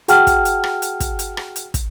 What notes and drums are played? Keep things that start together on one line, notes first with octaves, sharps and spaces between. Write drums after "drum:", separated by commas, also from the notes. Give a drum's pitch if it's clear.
F#4 G#4 F#5 G5 A5 F6, drum: hi-hat
drum: kick, hi-hat
drum: hi-hat
drum: rim click
drum: hi-hat
drum: kick, hi-hat
drum: hi-hat
drum: rim click
drum: hi-hat
drum: kick, hi-hat